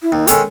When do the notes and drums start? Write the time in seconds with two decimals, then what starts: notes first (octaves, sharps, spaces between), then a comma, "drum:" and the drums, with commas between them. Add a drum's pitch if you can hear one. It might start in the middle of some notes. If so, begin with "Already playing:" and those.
0.02 E4
0.12 D#2 D#4
0.27 D#3 G#3 C#4 A4, drum: hi-hat